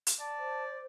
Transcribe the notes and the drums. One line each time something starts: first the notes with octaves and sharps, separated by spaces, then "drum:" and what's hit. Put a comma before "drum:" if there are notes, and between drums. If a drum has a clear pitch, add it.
drum: hi-hat
D5 A5
C5